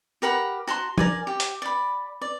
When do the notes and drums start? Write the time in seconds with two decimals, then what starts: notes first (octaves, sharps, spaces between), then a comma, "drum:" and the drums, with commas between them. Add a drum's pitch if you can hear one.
0.22 G4 A#4 F#5 B5
0.67 F#4 A5 A#5 C6
0.98 A#4 D5 G#5, drum: tom
1.27 G4
1.40 drum: hi-hat
1.62 D5 B5
2.22 D5